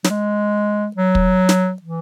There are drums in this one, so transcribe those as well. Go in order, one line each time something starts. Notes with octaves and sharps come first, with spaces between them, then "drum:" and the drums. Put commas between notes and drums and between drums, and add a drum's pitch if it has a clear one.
F#3, drum: snare
G#3
F#3
drum: kick
drum: snare
E3